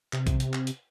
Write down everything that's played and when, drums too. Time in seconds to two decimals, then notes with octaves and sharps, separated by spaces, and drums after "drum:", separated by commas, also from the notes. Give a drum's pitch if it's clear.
0.13 C3, drum: clap
0.27 drum: kick A#1, hi-hat
0.40 drum: hi-hat
0.54 drum: clap
0.67 drum: hi-hat